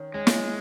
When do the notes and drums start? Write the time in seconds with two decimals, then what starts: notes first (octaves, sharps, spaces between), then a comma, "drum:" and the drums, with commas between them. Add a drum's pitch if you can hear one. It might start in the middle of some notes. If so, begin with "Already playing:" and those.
Already playing: D#3 C#4
0.14 G#3 C#4
0.27 drum: snare